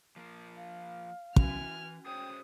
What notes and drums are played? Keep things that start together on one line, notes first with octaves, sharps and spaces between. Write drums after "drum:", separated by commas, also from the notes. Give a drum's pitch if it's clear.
F3 A#3
F5
E3 C#4 F#4 G#5 F6, drum: kick
G#4 C5 C#5 G5 D#6